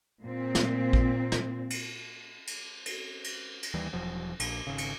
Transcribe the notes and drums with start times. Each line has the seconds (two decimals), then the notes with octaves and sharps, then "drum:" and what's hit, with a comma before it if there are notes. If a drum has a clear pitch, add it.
0.23 A#2 C4
0.55 drum: snare
0.93 drum: kick A1
1.32 drum: snare
1.70 drum: cymbal
2.47 drum: cymbal
2.86 drum: cymbal
3.24 drum: cymbal
3.63 drum: cymbal
3.74 D#2 E3 G3
3.93 E1 F3 F#3
4.40 A#1, drum: cymbal
4.67 G#1 C#3
4.78 drum: cymbal